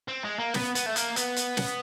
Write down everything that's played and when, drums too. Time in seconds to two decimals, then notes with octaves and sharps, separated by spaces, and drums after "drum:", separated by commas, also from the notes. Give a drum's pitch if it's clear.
0.08 C4
0.24 G#3
0.39 A#3
0.54 B3, drum: snare
0.75 B3, drum: hi-hat
0.86 A3
0.96 A#3, drum: hi-hat
1.16 B3, drum: hi-hat
1.36 drum: hi-hat
1.57 drum: snare